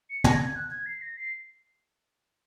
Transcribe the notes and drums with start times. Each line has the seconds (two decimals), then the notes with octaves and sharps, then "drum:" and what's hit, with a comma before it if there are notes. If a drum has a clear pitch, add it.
0.10 C#7
0.24 A#6, drum: tom
0.34 G#6
0.45 G#6
0.56 F#6
0.70 G#6
0.86 C7
1.02 A#6
1.17 C7